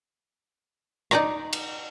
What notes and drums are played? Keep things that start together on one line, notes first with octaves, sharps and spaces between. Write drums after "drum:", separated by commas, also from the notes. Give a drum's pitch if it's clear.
D#4 D5 A#5, drum: rim click
drum: cymbal